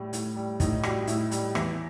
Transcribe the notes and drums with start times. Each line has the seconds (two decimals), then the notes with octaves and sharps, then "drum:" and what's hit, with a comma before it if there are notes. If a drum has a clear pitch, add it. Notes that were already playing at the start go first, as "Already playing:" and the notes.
Already playing: A2 G3
0.13 A2, drum: hi-hat
0.36 G3
0.60 A2 D#4, drum: kick, hi-hat
0.83 G3 F#4, drum: rim click
1.07 A2 E4, drum: hi-hat
1.31 G3, drum: hi-hat
1.55 E2 E4, drum: rim click